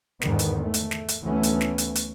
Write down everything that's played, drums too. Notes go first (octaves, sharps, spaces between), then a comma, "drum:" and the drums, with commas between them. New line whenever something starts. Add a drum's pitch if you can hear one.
E2 G#2 D3 D#3 B3, drum: snare
drum: hi-hat
A3
drum: hi-hat
drum: snare
drum: hi-hat
D2 E3 A3 B3 C#4
drum: hi-hat
drum: snare
drum: hi-hat
drum: hi-hat